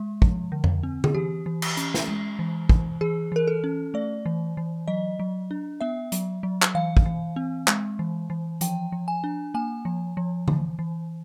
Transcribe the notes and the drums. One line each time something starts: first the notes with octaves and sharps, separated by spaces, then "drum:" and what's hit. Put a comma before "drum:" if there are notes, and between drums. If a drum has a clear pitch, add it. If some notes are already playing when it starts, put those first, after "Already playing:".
Already playing: G#3
F3, drum: kick
D3
drum: tom F2
C4
G#4, drum: tom D3
E3 G4
E3
drum: cymbal
C#4, drum: hi-hat
drum: snare
G#3
E3
E3, drum: kick
E3 G#4
E3 A#4
A4
C#4
A3 D5
E3
E3
F#3 D#5
F#3
D4
B3 E5
F#3, drum: hi-hat
F#3
drum: clap
E3 F5
drum: kick
E3
C4
G#3, drum: clap
E3
E3
F3 G5, drum: hi-hat
F3
G#5
D4
A#3 G#5
F3
F3
E3, drum: tom D3
E3